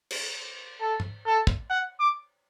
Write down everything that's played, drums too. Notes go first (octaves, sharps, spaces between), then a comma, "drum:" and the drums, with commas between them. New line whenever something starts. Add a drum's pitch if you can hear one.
drum: cymbal
A4
drum: tom
A4
drum: kick
F#5
D6